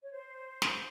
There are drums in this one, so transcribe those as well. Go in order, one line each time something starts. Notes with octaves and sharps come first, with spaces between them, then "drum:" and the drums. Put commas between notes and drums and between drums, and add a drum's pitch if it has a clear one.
C#5
C5
drum: snare